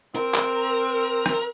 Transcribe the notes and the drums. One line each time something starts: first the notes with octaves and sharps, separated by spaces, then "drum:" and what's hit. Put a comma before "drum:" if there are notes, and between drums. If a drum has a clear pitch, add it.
C4 A#4
drum: clap
drum: rim click